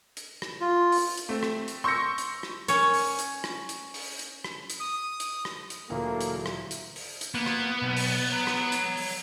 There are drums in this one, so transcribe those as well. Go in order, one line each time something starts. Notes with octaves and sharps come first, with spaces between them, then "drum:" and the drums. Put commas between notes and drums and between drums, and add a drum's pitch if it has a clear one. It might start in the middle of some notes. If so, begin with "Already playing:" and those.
drum: hi-hat
drum: rim click
F4
drum: open hi-hat
drum: hi-hat
A3 C4
drum: rim click
drum: hi-hat
C6 C#6 E6 G6 A#6 C#7
drum: hi-hat
drum: rim click
C#4 C#5, drum: hi-hat
drum: open hi-hat
drum: hi-hat
drum: rim click
drum: hi-hat
drum: open hi-hat
drum: hi-hat
drum: rim click
drum: hi-hat
D#6
drum: hi-hat
drum: rim click
drum: hi-hat
D2 A#2 E3 F#3 A#3 G#4 A4
drum: hi-hat
drum: rim click
drum: hi-hat
drum: open hi-hat
drum: hi-hat
A#3 B3
drum: rim click
B1
drum: open hi-hat
C#5 A#5
drum: rim click
drum: hi-hat
drum: open hi-hat